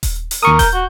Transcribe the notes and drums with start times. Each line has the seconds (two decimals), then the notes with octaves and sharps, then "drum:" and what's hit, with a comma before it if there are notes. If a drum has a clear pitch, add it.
0.03 drum: kick D#1, open hi-hat
0.31 drum: open hi-hat
0.43 D#2 A#4 C#6 D#6
0.59 G6, drum: kick D#1, open hi-hat
0.74 F#4